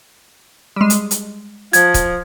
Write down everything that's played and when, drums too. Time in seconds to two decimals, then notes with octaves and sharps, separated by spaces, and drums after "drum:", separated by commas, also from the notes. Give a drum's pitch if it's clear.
0.76 G3 G#3
0.90 drum: hi-hat
1.11 drum: hi-hat
1.73 F3 G#6, drum: hi-hat
1.94 drum: kick, hi-hat